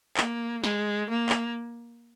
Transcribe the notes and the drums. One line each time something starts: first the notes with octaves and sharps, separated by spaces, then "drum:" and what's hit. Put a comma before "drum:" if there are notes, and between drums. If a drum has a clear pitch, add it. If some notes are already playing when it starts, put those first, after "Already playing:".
A#3, drum: clap
G#3, drum: snare
A#3
drum: clap